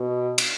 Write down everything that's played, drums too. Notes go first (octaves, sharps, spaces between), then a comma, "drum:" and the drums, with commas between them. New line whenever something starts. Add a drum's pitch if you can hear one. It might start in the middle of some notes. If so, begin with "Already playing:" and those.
Already playing: B2
drum: cymbal